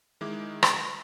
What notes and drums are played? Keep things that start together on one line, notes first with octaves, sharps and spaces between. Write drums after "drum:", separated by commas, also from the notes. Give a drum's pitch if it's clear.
D#3 G#3 E4 D6
drum: rim click